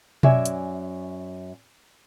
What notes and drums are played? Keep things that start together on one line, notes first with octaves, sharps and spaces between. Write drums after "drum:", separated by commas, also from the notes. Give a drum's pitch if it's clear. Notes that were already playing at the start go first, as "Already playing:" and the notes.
F#2 C#5 D5 E5 G#5, drum: tom B2
drum: hi-hat